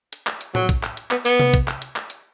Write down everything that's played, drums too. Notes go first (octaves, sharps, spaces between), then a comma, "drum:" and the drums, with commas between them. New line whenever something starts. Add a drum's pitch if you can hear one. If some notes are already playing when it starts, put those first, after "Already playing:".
drum: hi-hat
drum: clap
drum: hi-hat
F#3, drum: tom A2
drum: kick, hi-hat
drum: clap
drum: hi-hat
B3, drum: clap
B3, drum: hi-hat
drum: tom C3
drum: kick, hi-hat
drum: clap
drum: hi-hat
drum: clap
drum: hi-hat